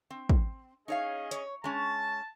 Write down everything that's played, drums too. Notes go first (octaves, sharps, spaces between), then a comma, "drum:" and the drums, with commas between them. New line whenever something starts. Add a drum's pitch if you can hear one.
C4
drum: kick
C#4 D#4 G#4 C#5 D#5 F5
C#5, drum: hi-hat
G#3 C#4 A5